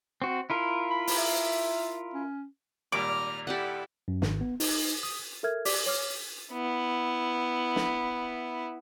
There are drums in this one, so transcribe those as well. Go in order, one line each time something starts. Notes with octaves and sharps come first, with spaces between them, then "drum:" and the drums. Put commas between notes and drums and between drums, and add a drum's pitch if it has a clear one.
C4 F#4
E4 F4 A#4
B5
drum: open hi-hat
E5
C#4
G#1 A#2 G3 A#5 D6 F6
E4 G4 A4 D5 F#5
F#2
G#1, drum: snare
B3
D#4, drum: open hi-hat
D#6
A4 A#4 E5 F6 G#6
G4 D5 D6 B6, drum: open hi-hat
C#5 D6 F6
B3 E4
drum: snare